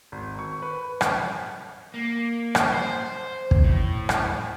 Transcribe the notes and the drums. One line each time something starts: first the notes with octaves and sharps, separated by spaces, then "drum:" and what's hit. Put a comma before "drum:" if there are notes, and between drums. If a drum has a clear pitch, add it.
G#1
C#6
B4
drum: rim click
A#3
drum: rim click
C5
drum: kick
A2
drum: rim click